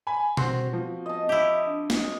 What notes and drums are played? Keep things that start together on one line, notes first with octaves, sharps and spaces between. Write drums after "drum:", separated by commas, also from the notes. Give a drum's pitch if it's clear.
G#5 B5
C4 F#4 C5 C6, drum: tom B2
F3 B3
B3 D#5 A5
E4 G4 E5
D4
drum: snare